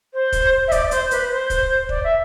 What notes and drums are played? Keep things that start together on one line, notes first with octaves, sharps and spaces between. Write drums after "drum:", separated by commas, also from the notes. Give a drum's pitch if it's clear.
C5
drum: kick, hi-hat
E5
D5, drum: kick, hi-hat
C5, drum: hi-hat
B4, drum: hi-hat
C5
drum: kick, hi-hat
D5, drum: kick
E5